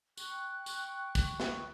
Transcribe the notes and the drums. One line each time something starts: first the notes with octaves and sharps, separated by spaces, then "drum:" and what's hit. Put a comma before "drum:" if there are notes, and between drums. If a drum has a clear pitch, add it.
G5 C#6 F#6, drum: tambourine
drum: tambourine
drum: kick, tambourine
drum: snare